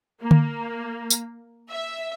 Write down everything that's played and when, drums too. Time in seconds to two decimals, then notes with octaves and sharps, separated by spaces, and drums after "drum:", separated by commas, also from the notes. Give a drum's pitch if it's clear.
0.22 A#3
0.31 drum: tom D3
1.10 drum: tambourine
1.70 E5